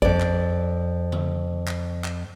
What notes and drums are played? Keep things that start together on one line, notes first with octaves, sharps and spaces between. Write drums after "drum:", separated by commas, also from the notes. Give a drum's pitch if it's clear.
F2 D5, drum: kick G#1
drum: clap
drum: tom C#3
drum: clap
drum: clap